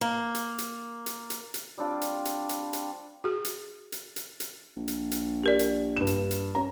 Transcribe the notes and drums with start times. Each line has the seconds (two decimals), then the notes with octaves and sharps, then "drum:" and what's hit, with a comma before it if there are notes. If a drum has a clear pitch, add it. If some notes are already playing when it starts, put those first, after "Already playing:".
0.01 A#3
0.35 drum: hi-hat
0.58 drum: hi-hat
1.06 drum: hi-hat
1.30 drum: hi-hat
1.54 drum: hi-hat
1.78 G3 C4 D4 F4
2.01 drum: hi-hat
2.25 drum: hi-hat
2.49 drum: hi-hat
2.73 drum: hi-hat
3.24 F#4 G#4
3.45 drum: hi-hat
3.92 drum: hi-hat
4.16 drum: hi-hat
4.40 drum: hi-hat
4.76 A#1
4.88 drum: hi-hat
5.11 drum: hi-hat
5.44 G4 A#4 D5
5.59 drum: hi-hat
5.96 G2 E7
6.07 drum: hi-hat
6.31 drum: hi-hat
6.55 C#4 A#5